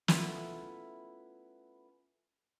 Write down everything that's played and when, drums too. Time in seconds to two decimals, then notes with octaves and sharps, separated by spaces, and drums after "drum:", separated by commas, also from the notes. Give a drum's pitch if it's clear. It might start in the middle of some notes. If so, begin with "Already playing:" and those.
0.08 A3 B3 C#4 E4 F4 A4, drum: snare